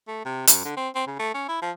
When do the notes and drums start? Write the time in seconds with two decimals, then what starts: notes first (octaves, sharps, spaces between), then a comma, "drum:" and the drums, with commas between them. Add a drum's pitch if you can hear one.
0.08 A3
0.25 C3
0.47 F#2, drum: hi-hat
0.65 D3
0.77 C4
0.95 C4
1.07 C#3
1.19 A3
1.34 C#4
1.49 E4
1.62 F3